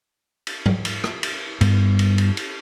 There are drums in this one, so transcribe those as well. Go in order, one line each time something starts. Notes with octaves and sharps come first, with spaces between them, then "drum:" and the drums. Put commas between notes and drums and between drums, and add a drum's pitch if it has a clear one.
drum: cymbal
drum: tom G#2
drum: cymbal
drum: rim click
drum: cymbal
G2 B3, drum: cymbal
drum: cymbal
drum: cymbal
drum: cymbal